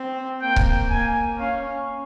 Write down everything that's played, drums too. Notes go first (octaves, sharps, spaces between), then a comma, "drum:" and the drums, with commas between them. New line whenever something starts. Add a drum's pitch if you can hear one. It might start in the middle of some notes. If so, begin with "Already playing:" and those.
Already playing: C4
A#3 G5
drum: kick C#1
A#3 G#5
C#4 F5